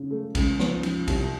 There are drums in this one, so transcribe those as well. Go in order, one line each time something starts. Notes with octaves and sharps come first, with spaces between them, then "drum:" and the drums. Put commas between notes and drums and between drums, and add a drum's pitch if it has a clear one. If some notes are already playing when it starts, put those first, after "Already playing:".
Already playing: C#3
A3
C#2, drum: kick, cymbal
F3, drum: snare
F3, drum: cymbal
C2, drum: kick, cymbal